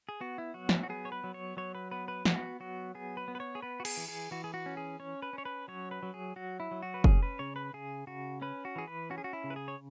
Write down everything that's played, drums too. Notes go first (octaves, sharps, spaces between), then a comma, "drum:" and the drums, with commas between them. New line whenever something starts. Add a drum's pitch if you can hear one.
G#4
B3 F#4
E4
F#3 F#4
drum: snare
F#4
B3 G#4
C#5
B4
F#3
C#5
F#3 C#5
B4
B3 B4
B4
B3 F#4, drum: snare
F#3 F#4
B3 G#4
B4
B3
B4
C#5
G#4
B3 B4
F#4
G#4, drum: cymbal
E3
G#4
E3 F#4
G#4
F#4
C#4
G#4
C#4 C#5
B4
C#4 C#5
B4
F#3 C#5
B4
F#3
G#4
F#3 F#4
E4
F#3
F#4
B4
C#4 G#4, drum: kick
B4
C#3 C#5
B4
C#3 G#4
C#3 F#4
C#4 B4
F#4
E3 G#4
B4
C#4 F#4
G#4
F#4
E4
C#3
B4
G#4
C#5